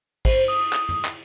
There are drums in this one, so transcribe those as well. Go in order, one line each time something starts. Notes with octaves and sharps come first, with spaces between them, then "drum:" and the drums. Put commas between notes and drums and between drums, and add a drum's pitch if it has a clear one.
C5, drum: kick, cymbal
D#6
drum: clap
drum: tom
drum: clap